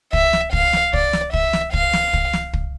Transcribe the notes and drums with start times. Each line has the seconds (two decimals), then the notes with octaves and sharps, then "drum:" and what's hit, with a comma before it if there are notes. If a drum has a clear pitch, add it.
0.13 E5, drum: kick
0.33 drum: snare
0.53 F5, drum: kick
0.73 drum: snare
0.93 D5, drum: kick
1.13 drum: snare
1.33 E5, drum: kick
1.53 drum: snare
1.73 F5, drum: kick
1.93 drum: snare
2.13 drum: kick
2.33 drum: snare
2.53 drum: kick